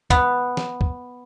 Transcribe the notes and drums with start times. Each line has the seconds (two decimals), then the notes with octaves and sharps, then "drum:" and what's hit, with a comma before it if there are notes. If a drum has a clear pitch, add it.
0.10 B3, drum: kick
0.57 drum: snare
0.81 drum: kick